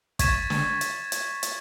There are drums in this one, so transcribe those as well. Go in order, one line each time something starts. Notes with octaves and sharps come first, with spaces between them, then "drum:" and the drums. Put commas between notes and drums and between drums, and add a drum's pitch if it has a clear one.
C#6 G#6 A6 B6 D#7 E7, drum: kick, hi-hat
drum: snare
drum: hi-hat
drum: hi-hat
drum: hi-hat